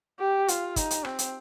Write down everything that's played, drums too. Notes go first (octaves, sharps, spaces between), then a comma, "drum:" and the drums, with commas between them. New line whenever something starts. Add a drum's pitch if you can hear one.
G4
F4, drum: hi-hat
D#4, drum: kick, hi-hat
drum: hi-hat
C4, drum: rim click
drum: hi-hat